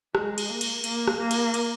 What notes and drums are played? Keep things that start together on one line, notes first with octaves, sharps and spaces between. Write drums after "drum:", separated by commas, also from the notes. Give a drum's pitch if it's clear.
G#3, drum: rim click
drum: cymbal
A#3
drum: cymbal
A#3, drum: cymbal
drum: rim click
A#3
drum: cymbal
drum: cymbal